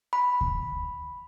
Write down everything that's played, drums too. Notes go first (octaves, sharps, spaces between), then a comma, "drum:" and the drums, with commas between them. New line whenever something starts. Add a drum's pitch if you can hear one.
B5
drum: kick D2